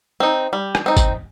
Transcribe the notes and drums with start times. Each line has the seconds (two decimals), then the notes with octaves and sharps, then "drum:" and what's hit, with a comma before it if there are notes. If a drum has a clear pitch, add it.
0.20 C4 D#4
0.53 G3
0.75 drum: rim click
0.86 C4 D#4
0.97 drum: kick, tambourine